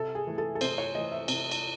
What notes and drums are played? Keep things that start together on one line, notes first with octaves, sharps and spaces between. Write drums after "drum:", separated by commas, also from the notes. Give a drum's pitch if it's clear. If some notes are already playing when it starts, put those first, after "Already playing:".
Already playing: C3 A4
G#4
E3 A3
A4
A4
C3 C5, drum: cymbal
C#5
E3 A3 D#5
E5
C3, drum: cymbal
drum: cymbal